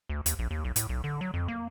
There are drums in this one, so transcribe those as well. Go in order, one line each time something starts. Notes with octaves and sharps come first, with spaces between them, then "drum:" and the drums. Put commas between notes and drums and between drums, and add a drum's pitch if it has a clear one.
D2
D#2, drum: hi-hat
A#1
D#2
B1
A2, drum: hi-hat
B1
D3
F#3
F2
A#3